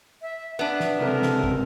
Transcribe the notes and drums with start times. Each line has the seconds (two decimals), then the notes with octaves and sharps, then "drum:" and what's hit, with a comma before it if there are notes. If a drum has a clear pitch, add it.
0.22 E5
0.59 B3 D4 E5
0.80 drum: snare
1.00 C#2 C3 A4 A#4
1.23 drum: snare
1.44 drum: kick